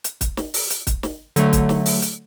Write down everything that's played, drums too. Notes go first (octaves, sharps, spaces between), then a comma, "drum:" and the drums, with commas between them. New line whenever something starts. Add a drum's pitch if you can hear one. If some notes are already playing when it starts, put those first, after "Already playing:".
drum: hi-hat
drum: kick, hi-hat
drum: snare
drum: open hi-hat
drum: hi-hat
drum: kick, hi-hat
drum: snare
D3 F#3 A3, drum: hi-hat
drum: kick, hi-hat
drum: snare
drum: open hi-hat
drum: hi-hat